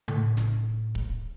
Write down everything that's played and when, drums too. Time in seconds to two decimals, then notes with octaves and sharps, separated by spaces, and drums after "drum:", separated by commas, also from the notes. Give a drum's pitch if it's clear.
0.08 A2, drum: tom C#3
0.37 drum: snare
0.95 drum: kick